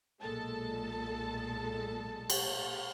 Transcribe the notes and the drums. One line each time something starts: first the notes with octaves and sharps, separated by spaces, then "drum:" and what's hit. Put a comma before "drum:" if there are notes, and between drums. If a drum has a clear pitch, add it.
B1 A#2 G#3 A4 A5
drum: cymbal